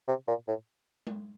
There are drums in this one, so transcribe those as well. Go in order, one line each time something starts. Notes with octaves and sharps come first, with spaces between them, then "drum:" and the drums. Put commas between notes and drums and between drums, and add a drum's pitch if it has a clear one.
C3
A#2
A2
drum: tom G#3